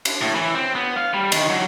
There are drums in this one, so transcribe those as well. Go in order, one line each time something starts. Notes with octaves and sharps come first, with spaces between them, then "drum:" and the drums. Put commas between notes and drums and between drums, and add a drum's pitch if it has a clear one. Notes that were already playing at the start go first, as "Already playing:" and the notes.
drum: cymbal
A2
E3
C4
B3
F5
G3
D#3, drum: cymbal
F#3